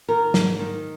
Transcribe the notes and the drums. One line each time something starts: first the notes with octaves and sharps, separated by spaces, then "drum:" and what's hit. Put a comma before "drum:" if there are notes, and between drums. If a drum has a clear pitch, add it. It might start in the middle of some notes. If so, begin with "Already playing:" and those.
D#3 A#4
G#2, drum: snare
D#3